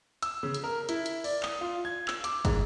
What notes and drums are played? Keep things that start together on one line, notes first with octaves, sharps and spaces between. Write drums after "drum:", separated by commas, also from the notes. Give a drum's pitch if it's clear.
E6, drum: hi-hat
C#3
drum: hi-hat
A#4
E4, drum: hi-hat
drum: hi-hat
D5, drum: open hi-hat
D#6, drum: clap
F4
G#6
E6, drum: clap
D6, drum: hi-hat
G#2, drum: kick, hi-hat